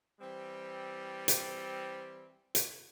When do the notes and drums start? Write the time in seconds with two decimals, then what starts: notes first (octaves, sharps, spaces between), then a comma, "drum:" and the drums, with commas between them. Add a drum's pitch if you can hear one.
0.20 E3 G3 C4
1.28 drum: hi-hat
2.55 drum: hi-hat